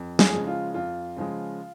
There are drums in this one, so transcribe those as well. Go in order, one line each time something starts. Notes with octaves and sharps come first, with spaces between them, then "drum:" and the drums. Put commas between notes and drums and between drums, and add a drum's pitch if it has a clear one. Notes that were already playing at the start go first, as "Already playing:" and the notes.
Already playing: F2
G#4, drum: snare
C#3 F3 G#3
F4
F2 F4
C#3 F3 G#3